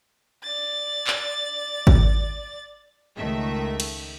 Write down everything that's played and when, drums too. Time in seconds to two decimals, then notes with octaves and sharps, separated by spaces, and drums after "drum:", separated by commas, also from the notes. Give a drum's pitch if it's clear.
0.44 D5 A6
1.07 drum: clap
1.87 drum: kick G#1
3.17 C#2 D#3 A3 E5
3.80 drum: cymbal